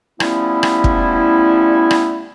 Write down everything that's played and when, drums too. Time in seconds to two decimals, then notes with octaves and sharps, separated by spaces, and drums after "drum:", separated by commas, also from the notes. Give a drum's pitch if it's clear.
0.20 F3 G3 A3 B3 C#4 E4, drum: rim click
0.63 drum: rim click
0.84 drum: kick
1.91 drum: rim click